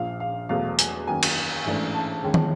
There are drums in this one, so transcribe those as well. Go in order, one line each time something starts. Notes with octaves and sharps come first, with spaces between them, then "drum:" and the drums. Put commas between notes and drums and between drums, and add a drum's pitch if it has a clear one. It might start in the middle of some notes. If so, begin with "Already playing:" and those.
Already playing: A#1 A#2 F3 F5
F5
E1 E2 B2 F#3 A3 F5
G#5, drum: hi-hat
F#2 D#3 F#3 A#3 G#5
drum: cymbal
A1 G#2 E3 A3 D4
A5
D#2 D#3 G#3 C#4
drum: tom